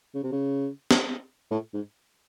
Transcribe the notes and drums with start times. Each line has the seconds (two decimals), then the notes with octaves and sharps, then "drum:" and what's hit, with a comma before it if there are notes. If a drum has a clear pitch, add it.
0.15 C#3
0.23 C3
0.32 C#3
0.91 drum: snare
1.51 A2
1.74 G#2